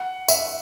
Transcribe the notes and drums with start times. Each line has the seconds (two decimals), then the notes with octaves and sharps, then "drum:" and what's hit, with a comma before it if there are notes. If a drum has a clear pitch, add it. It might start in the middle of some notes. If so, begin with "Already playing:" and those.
Already playing: F#5
0.28 E5, drum: tambourine